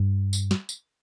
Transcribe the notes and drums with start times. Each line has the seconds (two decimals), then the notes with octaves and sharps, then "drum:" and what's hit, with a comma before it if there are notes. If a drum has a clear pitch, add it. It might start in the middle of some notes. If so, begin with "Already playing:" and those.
Already playing: G2
0.33 drum: tambourine
0.51 drum: snare
0.69 drum: tambourine